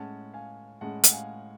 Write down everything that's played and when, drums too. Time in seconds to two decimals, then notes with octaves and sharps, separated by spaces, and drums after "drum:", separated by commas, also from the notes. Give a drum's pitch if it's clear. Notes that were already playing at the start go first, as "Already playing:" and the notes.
Already playing: A2 G#3 C#4 F#5 A5
0.34 F5 G#5
0.81 A2 G#3 C#4 F#5 A5
1.04 F#5, drum: hi-hat
1.12 F5 G#5